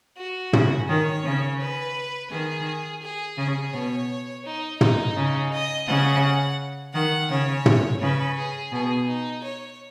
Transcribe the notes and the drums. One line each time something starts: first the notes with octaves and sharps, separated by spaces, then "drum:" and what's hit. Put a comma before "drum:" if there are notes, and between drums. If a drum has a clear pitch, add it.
F#4
C#3, drum: tom
D#3 C#5
C#3
B4
D#3 G#4
G#4
C#3 G#4
B2 C#5
D#4
D#4, drum: tom
C#3
D#5
C#3 F#5
D#3 F#5
C#3 C#5
drum: tom
C#3 B4
G#4
B2 G#4
D#4
C#5